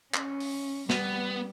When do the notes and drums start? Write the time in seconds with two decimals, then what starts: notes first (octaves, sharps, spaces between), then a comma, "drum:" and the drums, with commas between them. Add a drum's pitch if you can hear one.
0.14 C#4, drum: clap
0.40 drum: open hi-hat
0.90 G3 B3, drum: snare